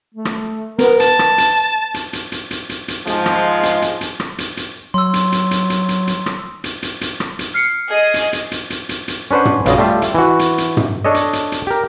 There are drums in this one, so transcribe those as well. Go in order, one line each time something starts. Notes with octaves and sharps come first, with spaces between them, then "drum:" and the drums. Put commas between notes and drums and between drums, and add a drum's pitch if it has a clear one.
A3
drum: rim click
B3 A#4, drum: hi-hat
A5, drum: hi-hat
drum: rim click
drum: hi-hat
drum: hi-hat
drum: hi-hat
drum: hi-hat
drum: hi-hat
drum: hi-hat
drum: hi-hat
G#2 F3 G#3, drum: hi-hat
drum: rim click
drum: hi-hat
drum: hi-hat
drum: hi-hat
drum: rim click
drum: hi-hat
drum: hi-hat
F#3 C6 E6
drum: hi-hat
drum: hi-hat
drum: hi-hat
drum: hi-hat
drum: hi-hat
drum: hi-hat
drum: rim click
drum: hi-hat
drum: hi-hat
drum: hi-hat
drum: rim click
drum: hi-hat
F6 C7 C#7
G#4 D#5
drum: hi-hat
drum: hi-hat
drum: hi-hat
drum: hi-hat
drum: hi-hat
drum: hi-hat
C#4 D4 B4 C5 F#5
drum: tom
B1 C#3 F4 D5 D#5, drum: hi-hat
G3 A3 F4 E5
drum: hi-hat
E3 F#4
drum: hi-hat
drum: hi-hat
drum: tom
D4 A4 C#5 D#5
drum: hi-hat
drum: hi-hat
drum: hi-hat
G4 A#4